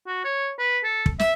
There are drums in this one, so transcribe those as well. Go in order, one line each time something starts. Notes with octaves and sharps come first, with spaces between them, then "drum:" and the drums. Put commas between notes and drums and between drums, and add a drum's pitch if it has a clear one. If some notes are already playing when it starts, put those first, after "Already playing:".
F#4
C#5
B4
A4
drum: kick
E5, drum: snare